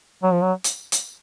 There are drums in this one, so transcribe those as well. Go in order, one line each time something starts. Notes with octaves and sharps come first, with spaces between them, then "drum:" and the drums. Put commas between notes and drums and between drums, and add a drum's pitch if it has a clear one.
F#3
F3
F#3
drum: hi-hat
drum: hi-hat